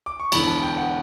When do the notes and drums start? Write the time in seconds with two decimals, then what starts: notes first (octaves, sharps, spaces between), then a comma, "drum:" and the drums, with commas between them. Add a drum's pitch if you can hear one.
0.06 D6
0.20 C#6
0.32 E1 E2 D3 B5, drum: cymbal
0.47 A5
0.63 G5
0.78 F#5